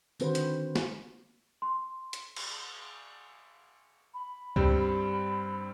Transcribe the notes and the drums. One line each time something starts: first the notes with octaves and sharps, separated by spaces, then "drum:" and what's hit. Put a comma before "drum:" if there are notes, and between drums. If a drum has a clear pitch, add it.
D3 D#3 C4 F#4 B4 C5, drum: tambourine
drum: hi-hat
drum: snare
C6
drum: hi-hat
drum: cymbal
B5
G2 G3 C4, drum: kick C#2